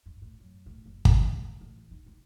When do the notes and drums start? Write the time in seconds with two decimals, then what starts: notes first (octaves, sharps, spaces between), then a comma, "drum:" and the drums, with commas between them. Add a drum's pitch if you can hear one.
0.06 G2
0.22 A2
0.40 F#2
0.66 A2
0.86 F#1
1.05 D#3, drum: kick
1.18 E2
1.39 D1
1.61 A1
1.91 D#3
2.06 G#2